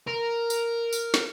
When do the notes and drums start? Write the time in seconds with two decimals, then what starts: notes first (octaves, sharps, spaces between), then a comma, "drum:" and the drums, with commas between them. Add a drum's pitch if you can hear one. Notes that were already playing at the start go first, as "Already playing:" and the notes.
0.08 A#4
0.50 drum: tambourine
0.93 drum: tambourine
1.14 drum: snare